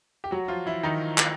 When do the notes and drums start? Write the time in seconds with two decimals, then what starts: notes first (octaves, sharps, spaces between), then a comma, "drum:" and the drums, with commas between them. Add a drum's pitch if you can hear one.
0.24 G4
0.31 F#3 F#4
0.48 F3 F4
0.66 E3 E4
0.83 D#3 D#4
1.18 drum: clap